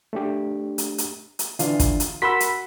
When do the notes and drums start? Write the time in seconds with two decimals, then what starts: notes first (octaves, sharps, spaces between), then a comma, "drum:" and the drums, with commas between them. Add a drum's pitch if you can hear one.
0.13 A3 D4 G4
0.78 drum: hi-hat
0.98 drum: hi-hat
1.39 drum: hi-hat
1.59 D3 E3 D4 F4, drum: hi-hat
1.79 drum: kick, hi-hat
2.00 drum: hi-hat
2.22 F#4 A#4 B5 C6 E6 B6
2.40 drum: hi-hat